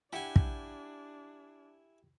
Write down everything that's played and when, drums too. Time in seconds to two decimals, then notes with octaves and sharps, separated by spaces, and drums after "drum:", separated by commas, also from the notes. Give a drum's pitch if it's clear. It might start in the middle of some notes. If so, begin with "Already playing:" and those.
0.13 D4 E4 G4 F#5 G#5
0.36 drum: kick